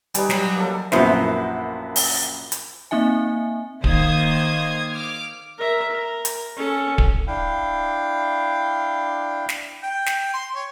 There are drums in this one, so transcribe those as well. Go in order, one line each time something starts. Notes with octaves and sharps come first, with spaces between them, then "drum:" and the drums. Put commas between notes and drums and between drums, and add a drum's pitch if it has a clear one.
G3 D#4 B4 G#5, drum: hi-hat
F#3 G4 C#5, drum: snare
A#3 A4
A#1 F#2 B3 E4 C5, drum: snare
drum: open hi-hat
drum: hi-hat
A#3 C4 D#4 E5 G#5
D#3 A#3 C5 F5 D#6 G#6, drum: kick D1
D6 F6
A#4 E5
A#4
drum: hi-hat
C#4 A4
drum: kick D1
D4 E4 F5 G5
drum: snare
G5
drum: snare
C6
C#5